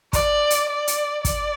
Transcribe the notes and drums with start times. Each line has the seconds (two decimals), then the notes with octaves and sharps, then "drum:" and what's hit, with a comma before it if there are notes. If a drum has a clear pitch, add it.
0.13 D5, drum: kick, hi-hat
0.50 drum: hi-hat
0.70 D5
0.87 drum: hi-hat
1.25 D5, drum: kick, hi-hat